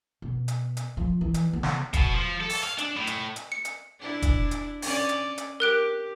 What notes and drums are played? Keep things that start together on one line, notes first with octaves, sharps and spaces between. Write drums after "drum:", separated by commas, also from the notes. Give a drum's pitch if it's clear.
B2
drum: hi-hat
drum: hi-hat
F3
E3
drum: hi-hat
B3
drum: snare
B2, drum: kick, hi-hat
F3
A4
drum: open hi-hat
F5
D4, drum: hi-hat
A2
drum: hi-hat
drum: hi-hat
C#7
drum: hi-hat
D4 E4
drum: kick, hi-hat
drum: hi-hat
C#4 D5, drum: open hi-hat
drum: hi-hat
drum: hi-hat
G4 A#4 F#6 D7